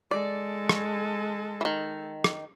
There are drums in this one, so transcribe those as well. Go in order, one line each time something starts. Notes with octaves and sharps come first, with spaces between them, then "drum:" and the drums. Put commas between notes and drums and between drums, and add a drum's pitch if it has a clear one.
G#3 A4 D5
drum: rim click
D#3 E3
drum: rim click